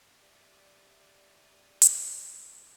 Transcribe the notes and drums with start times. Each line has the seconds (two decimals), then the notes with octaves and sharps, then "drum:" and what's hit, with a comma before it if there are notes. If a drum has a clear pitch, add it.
0.21 G4 D5 E5 D#7
1.82 drum: hi-hat